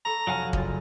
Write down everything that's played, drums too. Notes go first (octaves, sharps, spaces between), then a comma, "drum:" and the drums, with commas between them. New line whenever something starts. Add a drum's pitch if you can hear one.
A4 A#5 B5 C#6
F1 F#3 F5 F#5 G#5 F6
F#1 F4 A6, drum: kick